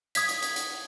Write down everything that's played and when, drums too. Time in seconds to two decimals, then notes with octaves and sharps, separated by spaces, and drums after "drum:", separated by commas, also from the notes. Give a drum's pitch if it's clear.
0.15 D#6 G#6 B6, drum: hi-hat
0.29 drum: hi-hat
0.43 drum: hi-hat
0.56 drum: hi-hat